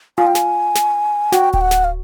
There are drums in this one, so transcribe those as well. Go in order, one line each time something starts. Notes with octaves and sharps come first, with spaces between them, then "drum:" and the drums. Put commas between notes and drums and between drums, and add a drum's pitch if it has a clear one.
F4 G#5
G5
G#5, drum: snare
drum: snare
F#4 G5, drum: snare
G5, drum: kick D1
F#5
drum: snare
F5